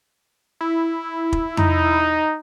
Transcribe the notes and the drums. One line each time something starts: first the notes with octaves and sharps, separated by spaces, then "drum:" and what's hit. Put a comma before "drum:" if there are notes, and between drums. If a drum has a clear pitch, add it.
E4
drum: kick
D#4, drum: tom F2